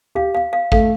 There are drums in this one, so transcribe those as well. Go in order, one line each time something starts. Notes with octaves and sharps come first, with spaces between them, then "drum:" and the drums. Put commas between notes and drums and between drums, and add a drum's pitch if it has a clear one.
G4 F5
F5
F5
A3 F5, drum: kick A1